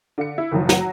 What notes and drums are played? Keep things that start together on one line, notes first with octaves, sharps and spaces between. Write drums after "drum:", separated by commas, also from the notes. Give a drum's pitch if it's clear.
D3 F5 C#7
E4
F#1 D#3 F3 F#3
F#3 F#4, drum: snare